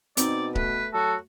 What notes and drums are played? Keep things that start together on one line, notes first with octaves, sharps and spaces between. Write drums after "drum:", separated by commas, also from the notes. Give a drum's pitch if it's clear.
B2 C4 D#4 D5, drum: hi-hat
A3 B4, drum: kick C#1
F#3 F#4 A4